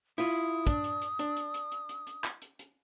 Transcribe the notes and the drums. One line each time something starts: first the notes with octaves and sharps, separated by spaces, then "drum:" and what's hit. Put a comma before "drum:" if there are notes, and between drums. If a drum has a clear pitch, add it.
E4 F4 D#6
D4, drum: kick, hi-hat
drum: hi-hat
drum: hi-hat
D4, drum: hi-hat
drum: hi-hat
drum: hi-hat
drum: hi-hat
drum: hi-hat
drum: hi-hat
drum: clap
drum: hi-hat
drum: hi-hat